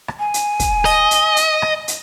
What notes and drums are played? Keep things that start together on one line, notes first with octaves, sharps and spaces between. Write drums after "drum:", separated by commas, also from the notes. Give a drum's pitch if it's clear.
drum: rim click
G#5
drum: hi-hat
drum: kick, hi-hat
D#5, drum: open hi-hat
drum: hi-hat
drum: hi-hat
drum: rim click
drum: hi-hat